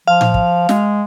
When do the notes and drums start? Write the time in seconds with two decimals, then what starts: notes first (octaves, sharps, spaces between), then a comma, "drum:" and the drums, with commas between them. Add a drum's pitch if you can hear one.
0.08 F3 F5
0.21 drum: tom A2
0.34 drum: kick
0.69 G#3, drum: snare